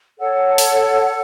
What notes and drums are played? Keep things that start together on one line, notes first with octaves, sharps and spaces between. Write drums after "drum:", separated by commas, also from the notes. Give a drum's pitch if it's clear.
A4 C#5 F#5
drum: open hi-hat